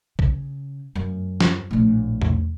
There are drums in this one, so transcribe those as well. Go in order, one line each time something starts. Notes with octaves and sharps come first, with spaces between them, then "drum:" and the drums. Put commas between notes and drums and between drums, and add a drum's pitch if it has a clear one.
C#3, drum: kick
F#2
drum: snare
A#1 A2
drum: tom E2